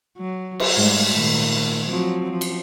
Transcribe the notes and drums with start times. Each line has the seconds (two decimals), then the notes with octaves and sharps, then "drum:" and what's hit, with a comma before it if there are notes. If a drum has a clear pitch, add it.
0.18 F#3
0.60 drum: cymbal
0.77 G#2 G3 A3
1.11 A#2 D#3 A3
1.89 F3 F#3 C4
2.30 F3
2.41 drum: cymbal